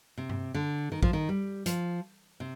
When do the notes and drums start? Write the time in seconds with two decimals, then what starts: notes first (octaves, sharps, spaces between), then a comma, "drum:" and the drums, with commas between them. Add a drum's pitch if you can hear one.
0.18 C3
0.29 drum: tom G2
0.54 D3
0.92 D#3
1.03 F3, drum: kick
1.13 D#3
1.29 G3
1.66 F3, drum: hi-hat
2.40 C3